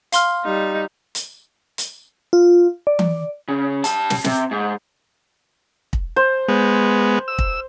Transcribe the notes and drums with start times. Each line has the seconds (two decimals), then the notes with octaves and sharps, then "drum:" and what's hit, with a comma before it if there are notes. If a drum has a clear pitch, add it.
0.12 F5 C6 F6, drum: hi-hat
0.45 G3 D#4
1.15 drum: hi-hat
1.78 drum: hi-hat
2.33 F4
2.87 D5
2.99 drum: tom E3
3.48 C#3
3.84 G4 A5, drum: hi-hat
4.10 drum: snare
4.24 C3, drum: snare
4.51 G#2
5.93 drum: kick
6.16 C5
6.48 G#3 B3
7.28 E6
7.39 drum: kick